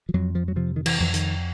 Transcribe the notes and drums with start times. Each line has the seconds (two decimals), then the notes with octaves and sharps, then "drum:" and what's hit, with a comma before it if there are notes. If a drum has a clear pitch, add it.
0.09 F3
0.14 F2 F#3
0.35 F3
0.48 F#3
0.56 C3 F3
0.76 D#3
0.86 E3, drum: cymbal
1.00 F2 E3
1.14 D#3, drum: hi-hat